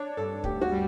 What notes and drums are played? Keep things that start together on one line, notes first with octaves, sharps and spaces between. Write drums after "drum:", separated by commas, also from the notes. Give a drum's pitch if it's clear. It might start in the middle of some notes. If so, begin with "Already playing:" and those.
Already playing: D4 C#5
G2 A4
D2 G4, drum: kick
F#4
G3